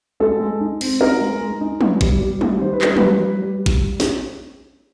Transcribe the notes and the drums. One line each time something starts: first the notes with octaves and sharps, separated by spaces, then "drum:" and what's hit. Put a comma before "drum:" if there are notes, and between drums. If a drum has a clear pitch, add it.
G#3 A4
G#3
D#4
C4, drum: cymbal
D#4 A#4
G#3
G#3
D#4
B3, drum: tom
G3, drum: kick
G3
G3, drum: tom
D#3 C5
B4
G3 A#4, drum: clap
G3 B4, drum: tom
G3
G3
drum: kick
drum: snare